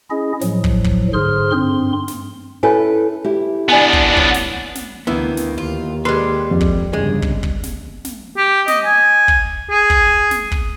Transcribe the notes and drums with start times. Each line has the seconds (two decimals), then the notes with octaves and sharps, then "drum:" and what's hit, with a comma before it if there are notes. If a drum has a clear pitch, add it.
0.10 C#4 E4 G#4 D#5
0.41 A2 F3 F#3, drum: snare
0.64 drum: kick
0.84 drum: kick
1.13 G#2 D3 G#4 C5 C6 F6
1.52 G2 C4 C6
2.08 drum: snare
2.63 C#4 E4 A4 B4 C#5 G#5
3.25 E4 G4
3.69 B3 D4 D5 G#5 A5
3.93 drum: kick
4.17 F4 C#5 F#5, drum: kick
4.34 drum: snare
4.75 drum: snare
5.07 D2 D#3 E3 A#3 B3 E4
5.37 drum: snare
5.58 D#2 F4
6.05 G3 G#3 B4 C6
6.51 F2
6.61 drum: kick
6.93 G1 C#3 G#3
7.22 drum: kick
7.43 drum: kick
7.63 drum: snare
8.05 drum: snare
8.37 G4
8.68 D#5, drum: snare
8.85 G#5
9.28 drum: kick
9.71 G#4
9.90 drum: kick
10.31 drum: snare
10.52 drum: kick